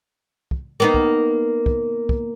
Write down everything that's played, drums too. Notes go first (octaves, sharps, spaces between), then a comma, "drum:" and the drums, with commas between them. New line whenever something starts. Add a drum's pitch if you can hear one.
drum: kick
A#3 B3 D#4
drum: kick
drum: kick
drum: kick